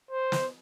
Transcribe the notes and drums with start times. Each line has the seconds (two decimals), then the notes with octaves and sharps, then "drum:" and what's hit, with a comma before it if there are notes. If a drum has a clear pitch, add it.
0.11 C5
0.32 drum: snare